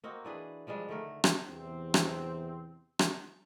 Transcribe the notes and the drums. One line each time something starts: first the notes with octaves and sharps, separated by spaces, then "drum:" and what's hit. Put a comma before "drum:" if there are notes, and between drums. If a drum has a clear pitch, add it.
A#3 C4 D#4 F#4
E3 D4 G#4 B4
F3 G3 G#3 D4
D3 D#3 A3 A#4
drum: rim click
E2 C3 C4
drum: rim click
drum: rim click